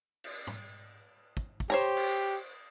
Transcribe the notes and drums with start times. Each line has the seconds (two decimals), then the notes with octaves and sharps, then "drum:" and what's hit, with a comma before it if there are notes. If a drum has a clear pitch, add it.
0.24 drum: cymbal
0.47 drum: tom
1.37 drum: kick
1.60 drum: kick
1.70 G4 C5 C#5 A#5
1.97 drum: cymbal